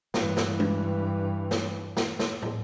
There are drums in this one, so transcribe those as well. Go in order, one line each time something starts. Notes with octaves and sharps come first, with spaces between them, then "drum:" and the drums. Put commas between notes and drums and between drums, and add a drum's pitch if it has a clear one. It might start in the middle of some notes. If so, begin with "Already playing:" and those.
G2 E3, drum: snare
drum: snare
drum: tom G#3
drum: snare
drum: snare
drum: snare
drum: tom